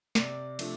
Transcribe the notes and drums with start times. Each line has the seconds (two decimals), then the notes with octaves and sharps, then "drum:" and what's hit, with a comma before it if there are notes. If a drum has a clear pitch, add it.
0.15 C3 D5, drum: snare
0.59 F3 A3 D4, drum: cymbal